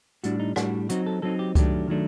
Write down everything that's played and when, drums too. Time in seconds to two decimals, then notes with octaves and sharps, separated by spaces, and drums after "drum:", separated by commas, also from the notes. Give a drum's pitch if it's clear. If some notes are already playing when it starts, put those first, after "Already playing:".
0.24 A2 G3 D4 F#4, drum: hi-hat
0.40 D#4
0.56 A2 G3 D4 F#4, drum: rim click
0.89 F#3 C4 D#4 F#4, drum: hi-hat
1.07 A4
1.22 F#3 C4 D#4 A4
1.39 G4
1.55 D#3 F#3 A3 D4 G4, drum: kick C#2, hi-hat
1.88 D#3 F#3 A3 D4